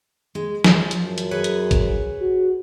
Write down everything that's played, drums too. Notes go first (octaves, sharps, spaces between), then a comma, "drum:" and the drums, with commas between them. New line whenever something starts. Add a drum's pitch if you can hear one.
G#3
F3, drum: snare
drum: hi-hat
F#2
drum: hi-hat
G#4 B4 C#5
drum: hi-hat
drum: kick A1, hi-hat
F#4